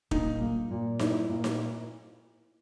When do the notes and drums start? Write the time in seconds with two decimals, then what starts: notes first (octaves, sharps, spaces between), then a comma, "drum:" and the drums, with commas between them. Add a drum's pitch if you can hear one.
0.11 A#2 D#4, drum: kick
0.41 A#3
0.71 A#2
0.99 D#4 E4, drum: snare D#4
1.29 A#2
1.44 drum: snare D#4